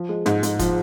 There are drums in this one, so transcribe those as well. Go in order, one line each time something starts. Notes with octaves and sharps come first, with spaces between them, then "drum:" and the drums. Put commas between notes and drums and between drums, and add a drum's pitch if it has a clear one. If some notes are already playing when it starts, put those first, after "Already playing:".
Already playing: F3
G#3
G#2, drum: snare
G#2, drum: hi-hat
F3, drum: kick, hi-hat